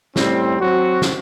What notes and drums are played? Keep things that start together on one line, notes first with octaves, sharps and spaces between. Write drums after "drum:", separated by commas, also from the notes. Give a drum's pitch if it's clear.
A2 G3 C4, drum: snare
F#3 C4 F#4
drum: snare